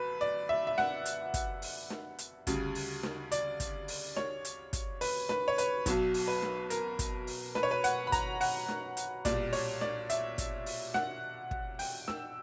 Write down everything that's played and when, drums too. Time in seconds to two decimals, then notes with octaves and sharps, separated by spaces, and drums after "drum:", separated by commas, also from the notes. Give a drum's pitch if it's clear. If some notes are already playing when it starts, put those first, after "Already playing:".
Already playing: G1 F#2 B4
0.21 D5
0.49 E5
0.67 E5
0.78 F#5, drum: snare
1.05 drum: hi-hat
1.34 drum: kick, hi-hat
1.62 drum: open hi-hat
1.90 drum: snare
2.19 drum: hi-hat
2.47 D2 C#3 G3, drum: kick, hi-hat
2.75 drum: open hi-hat
3.03 drum: snare
3.32 D5, drum: hi-hat
3.60 drum: kick, hi-hat
3.88 drum: open hi-hat
4.16 C#5, drum: snare
4.45 drum: hi-hat
4.73 drum: kick, hi-hat
5.01 B4, drum: open hi-hat
5.29 B4, drum: snare
5.48 C#5
5.58 B4, drum: hi-hat
5.86 B1 B2 F#3, drum: kick, hi-hat
6.14 drum: open hi-hat
6.28 B4
6.42 drum: snare
6.70 A#4, drum: hi-hat
6.99 drum: kick, hi-hat
7.27 drum: open hi-hat
7.55 B4, drum: snare
7.63 C#5
7.71 B4
7.84 F#5, drum: hi-hat
8.07 B5
8.12 A#5, drum: kick, hi-hat
8.41 F#5, drum: open hi-hat
8.68 drum: snare
8.97 drum: hi-hat
9.25 B1 A#2 G3 D5, drum: kick, hi-hat
9.53 C#5, drum: open hi-hat
9.81 D5, drum: snare
10.10 E5, drum: hi-hat
10.38 drum: kick, hi-hat
10.66 drum: open hi-hat
10.94 F#5, drum: snare
11.51 drum: kick
11.79 G5, drum: open hi-hat
12.08 E6, drum: snare